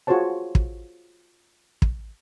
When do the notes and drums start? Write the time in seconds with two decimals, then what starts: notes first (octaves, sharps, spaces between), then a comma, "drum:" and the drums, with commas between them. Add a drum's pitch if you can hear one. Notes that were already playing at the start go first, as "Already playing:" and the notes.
0.07 F4 F#4 G#4 C5 C#5 A5
0.55 drum: kick
1.82 drum: kick